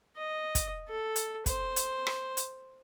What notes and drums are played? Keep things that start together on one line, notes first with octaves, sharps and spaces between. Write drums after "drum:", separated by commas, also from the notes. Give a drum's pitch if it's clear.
D#5
drum: kick, hi-hat
A4
drum: hi-hat
C5, drum: kick, hi-hat
drum: hi-hat
drum: rim click
drum: hi-hat